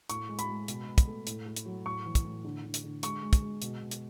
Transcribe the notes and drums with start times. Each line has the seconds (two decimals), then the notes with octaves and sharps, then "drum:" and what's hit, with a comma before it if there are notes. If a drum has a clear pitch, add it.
0.09 A2 C#6, drum: hi-hat
0.29 G#3
0.39 B5, drum: hi-hat
0.49 G#3
0.68 B2, drum: hi-hat
0.88 B2
0.98 drum: kick, hi-hat
1.07 A3
1.27 A2, drum: hi-hat
1.46 A3
1.56 drum: hi-hat
1.66 F#3
1.85 A2 C#6
2.06 E3
2.15 drum: kick, hi-hat
2.25 A2
2.44 D3
2.64 D3
2.74 drum: hi-hat
2.84 D3
3.03 G#3 C#6, drum: hi-hat
3.23 G#3
3.33 drum: kick, hi-hat
3.42 G#3
3.62 B2, drum: hi-hat
3.81 B2
3.91 drum: hi-hat